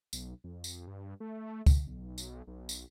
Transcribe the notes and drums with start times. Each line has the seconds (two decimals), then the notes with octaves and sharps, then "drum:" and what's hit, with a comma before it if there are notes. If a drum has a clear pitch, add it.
0.13 B1, drum: tambourine
0.44 F2
0.64 drum: tambourine
0.87 G2
1.20 A3
1.66 drum: kick C#2, tambourine
1.87 B1
2.18 drum: tambourine
2.47 B1
2.69 drum: tambourine